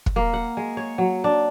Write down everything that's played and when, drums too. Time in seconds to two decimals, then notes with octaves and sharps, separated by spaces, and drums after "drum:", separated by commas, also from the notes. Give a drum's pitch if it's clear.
0.06 drum: kick
0.16 A#3
0.33 F#5
0.57 G#3
0.77 C#5
0.98 F#3
1.24 D4